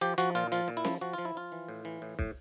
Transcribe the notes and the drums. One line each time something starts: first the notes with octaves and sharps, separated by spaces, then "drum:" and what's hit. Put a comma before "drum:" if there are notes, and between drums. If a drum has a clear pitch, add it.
F3 G4
F3 F#4, drum: hi-hat
A#2 F4
F3 F4
A#2
E4
F3, drum: snare
F3 F#4
F3 F4
E4
F3 F4
E3
A2
E3
A2
A2, drum: kick